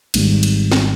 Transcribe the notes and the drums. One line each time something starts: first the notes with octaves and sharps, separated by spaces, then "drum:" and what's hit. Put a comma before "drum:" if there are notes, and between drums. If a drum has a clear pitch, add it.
G#1 G#2 G3, drum: cymbal
drum: cymbal
drum: snare